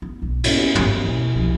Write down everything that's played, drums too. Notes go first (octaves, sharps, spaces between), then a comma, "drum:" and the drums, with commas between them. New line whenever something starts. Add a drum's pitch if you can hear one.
B3
B1
G#2, drum: cymbal
E3 B3, drum: tom
B2
C2 F3